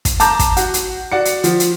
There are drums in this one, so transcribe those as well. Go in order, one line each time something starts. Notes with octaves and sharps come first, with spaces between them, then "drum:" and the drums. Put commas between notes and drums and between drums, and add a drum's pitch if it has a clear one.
drum: kick, hi-hat
A5 A#5 D6 G6, drum: hi-hat
drum: kick, hi-hat
F#4, drum: hi-hat
drum: hi-hat
F#4 D5 C#7
drum: hi-hat
F3, drum: hi-hat
drum: hi-hat